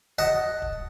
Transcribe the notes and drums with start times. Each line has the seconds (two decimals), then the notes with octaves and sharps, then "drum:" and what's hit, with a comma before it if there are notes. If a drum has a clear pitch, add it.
0.19 D#5 F#5 A5, drum: snare
0.62 drum: kick